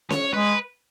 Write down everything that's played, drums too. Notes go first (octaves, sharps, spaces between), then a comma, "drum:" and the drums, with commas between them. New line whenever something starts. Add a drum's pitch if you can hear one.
C#5, drum: snare C#4
G#3 B4